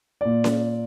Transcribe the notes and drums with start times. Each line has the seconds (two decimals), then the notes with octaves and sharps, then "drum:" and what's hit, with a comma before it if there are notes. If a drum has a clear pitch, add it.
0.21 A#2 D5
0.44 drum: snare C#4